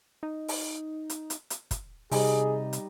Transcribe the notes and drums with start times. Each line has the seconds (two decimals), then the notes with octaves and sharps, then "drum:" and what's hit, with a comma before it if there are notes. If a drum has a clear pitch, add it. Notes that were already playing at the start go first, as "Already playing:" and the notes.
0.23 D#4
0.48 drum: open hi-hat
1.10 drum: hi-hat
1.30 drum: hi-hat
1.50 drum: hi-hat
1.71 drum: kick, hi-hat
2.11 C3 G3 D#4 G#4 D#5, drum: open hi-hat
2.73 drum: hi-hat